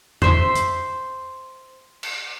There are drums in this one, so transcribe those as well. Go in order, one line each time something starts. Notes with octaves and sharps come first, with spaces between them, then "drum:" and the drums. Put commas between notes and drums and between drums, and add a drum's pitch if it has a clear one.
C5 E5 C6, drum: tom E2
drum: hi-hat
drum: cymbal